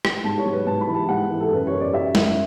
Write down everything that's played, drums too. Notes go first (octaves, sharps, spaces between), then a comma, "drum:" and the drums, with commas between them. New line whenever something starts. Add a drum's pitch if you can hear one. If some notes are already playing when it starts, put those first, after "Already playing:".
drum: rim click
G#2 A5
C#5
F#3
B4
G#2 A5
B5
E3
A5
G#2 F#5
E3
A4
F#2 B4
C#5
F#2
D5
F#2 E5
F#2, drum: snare